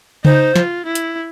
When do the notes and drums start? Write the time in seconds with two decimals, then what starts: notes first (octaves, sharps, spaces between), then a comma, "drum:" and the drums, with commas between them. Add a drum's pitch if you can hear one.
0.25 D#4 C5, drum: tom C#3
0.56 F4, drum: snare
0.86 E4
0.95 drum: hi-hat